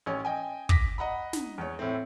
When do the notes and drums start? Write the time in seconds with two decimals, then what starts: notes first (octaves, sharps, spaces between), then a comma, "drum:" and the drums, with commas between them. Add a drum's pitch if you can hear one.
0.06 A1 C#4 C#5 G#5
0.25 D#5 G5 G#5
0.69 D6 A#6 B6, drum: kick
0.98 D#5 F#5 A#5 B5
1.33 drum: snare
1.58 E2 C#5
1.79 A2 A3 C4